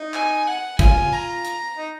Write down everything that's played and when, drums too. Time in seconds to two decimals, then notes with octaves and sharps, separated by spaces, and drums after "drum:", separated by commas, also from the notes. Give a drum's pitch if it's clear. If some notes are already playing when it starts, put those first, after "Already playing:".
Already playing: D#4
0.14 G#5, drum: clap
0.47 F#5
0.79 F4 G#5, drum: kick, hi-hat
1.13 A#5
1.45 drum: hi-hat
1.77 D#4